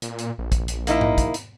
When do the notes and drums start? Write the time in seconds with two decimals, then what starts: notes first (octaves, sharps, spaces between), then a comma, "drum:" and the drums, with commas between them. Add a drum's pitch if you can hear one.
0.02 A#2, drum: hi-hat
0.19 drum: hi-hat
0.38 A#1
0.52 drum: kick, hi-hat
0.68 drum: hi-hat
0.87 A#3 D#4 E4, drum: hi-hat
1.01 drum: tom G#2
1.18 drum: kick, hi-hat
1.34 drum: hi-hat